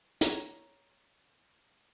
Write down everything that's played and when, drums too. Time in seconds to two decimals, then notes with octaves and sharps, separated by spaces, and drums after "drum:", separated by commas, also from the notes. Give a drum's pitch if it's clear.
0.21 C#5 A#5, drum: hi-hat